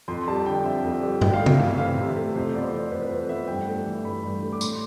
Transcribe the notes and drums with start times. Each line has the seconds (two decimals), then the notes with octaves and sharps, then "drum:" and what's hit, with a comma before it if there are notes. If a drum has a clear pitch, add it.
0.08 F2 C6
0.28 G3 A5
0.46 D3 G5
0.64 C4 E5
0.84 F2
1.02 G3
1.21 C3 G5, drum: tom G2
1.34 F5
1.40 A3
1.46 E5, drum: tom C#3
1.59 E3 F5
1.78 C4 F5
1.97 C3
2.06 E5
2.16 A3
2.35 F2 C5
2.54 B3 D5
2.64 C5
2.73 E3
2.91 F2 B4
3.02 B4
3.10 F2 C5
3.29 B3 E5
3.48 G2 G5
3.67 A3
3.85 E3
4.04 G2 B5
4.23 G2
4.43 A3
4.53 D6
4.61 A2 C6, drum: tambourine